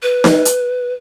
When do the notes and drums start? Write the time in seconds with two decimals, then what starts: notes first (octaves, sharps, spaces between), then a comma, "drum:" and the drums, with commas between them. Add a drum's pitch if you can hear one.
0.03 B4
0.24 drum: snare D#4
0.45 drum: hi-hat